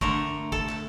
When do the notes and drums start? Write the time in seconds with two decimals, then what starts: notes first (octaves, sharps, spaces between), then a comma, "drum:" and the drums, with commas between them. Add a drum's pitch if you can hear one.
0.01 D3 A3 A#4, drum: kick
0.52 A4, drum: kick
0.69 drum: clap